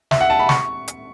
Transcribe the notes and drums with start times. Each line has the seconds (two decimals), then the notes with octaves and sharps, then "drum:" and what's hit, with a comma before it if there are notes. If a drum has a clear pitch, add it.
0.11 E5, drum: snare
0.21 F#5
0.30 A5
0.39 B5
0.49 C#6, drum: snare
0.88 drum: hi-hat